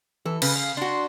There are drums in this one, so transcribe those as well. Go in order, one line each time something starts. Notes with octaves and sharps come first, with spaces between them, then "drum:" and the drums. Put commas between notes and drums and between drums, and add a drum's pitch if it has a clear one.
E3 A4
C#3 B4, drum: cymbal
F5
D4 F#4 C6